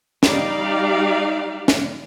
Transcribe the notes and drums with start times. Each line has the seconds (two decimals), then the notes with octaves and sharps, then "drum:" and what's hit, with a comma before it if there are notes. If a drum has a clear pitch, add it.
0.23 G3 D#4 G4 D5 F5, drum: snare
1.68 drum: snare